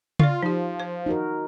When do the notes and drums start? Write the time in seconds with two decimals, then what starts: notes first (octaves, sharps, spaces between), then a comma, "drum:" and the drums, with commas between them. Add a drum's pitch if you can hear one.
0.19 F4 D5 F5 C#6, drum: tom C#3
0.43 F3 D#4 G4
0.80 C5
1.06 D#4 F#4 A#4